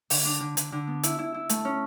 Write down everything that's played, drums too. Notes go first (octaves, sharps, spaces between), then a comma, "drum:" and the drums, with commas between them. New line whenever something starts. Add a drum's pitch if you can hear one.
D3, drum: open hi-hat
D4
D3
D3, drum: hi-hat
D3
B3
E4, drum: hi-hat
E4
E4
A3, drum: hi-hat
C#4